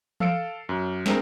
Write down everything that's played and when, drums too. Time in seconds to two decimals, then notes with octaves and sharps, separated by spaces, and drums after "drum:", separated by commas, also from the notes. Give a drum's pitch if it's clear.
0.20 A4 F5 E6 C#7 D7, drum: tom E3
0.69 F#2
1.06 A3 C4 D4 G#4 A#4, drum: snare